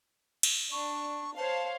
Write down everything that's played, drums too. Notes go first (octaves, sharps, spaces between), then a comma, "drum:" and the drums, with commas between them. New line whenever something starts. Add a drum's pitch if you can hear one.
drum: cymbal
D4 C#6
C5 C#5 F5 A5